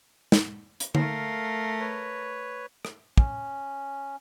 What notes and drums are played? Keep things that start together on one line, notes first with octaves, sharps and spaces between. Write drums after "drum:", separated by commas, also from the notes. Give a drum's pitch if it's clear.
drum: snare
drum: hi-hat
A3 A#4 F5, drum: tom D3
B4 C#5
drum: rim click
C#4, drum: kick